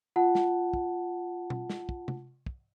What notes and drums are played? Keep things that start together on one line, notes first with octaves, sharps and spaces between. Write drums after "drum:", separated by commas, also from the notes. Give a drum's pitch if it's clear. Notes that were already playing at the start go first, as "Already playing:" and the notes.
F4 F#5 A5
drum: snare
drum: kick
drum: tom B2
drum: snare
drum: kick
drum: tom
drum: kick